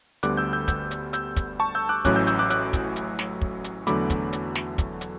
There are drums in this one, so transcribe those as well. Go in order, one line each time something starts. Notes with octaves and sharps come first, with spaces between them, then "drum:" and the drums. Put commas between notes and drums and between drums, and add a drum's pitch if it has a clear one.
D2 D3 G3 B3 D6 F#6, drum: hi-hat
E6 G6
E6 G6
E6 G6, drum: kick, hi-hat
drum: hi-hat
E6 G6, drum: hi-hat
drum: kick, hi-hat
A5 C#6
E6 G6
D6 F#6
A1 A2 F#3 C#4 D6 F#6, drum: kick, hi-hat
E6 G6
E6 G6, drum: hi-hat
D6 F#6
D6 F#6, drum: hi-hat
drum: kick, hi-hat
drum: hi-hat
drum: snare
drum: kick
drum: hi-hat
E2 D3 F#3 A3 B5 D6, drum: hi-hat
drum: kick, hi-hat
drum: hi-hat
drum: snare
drum: kick, hi-hat
drum: hi-hat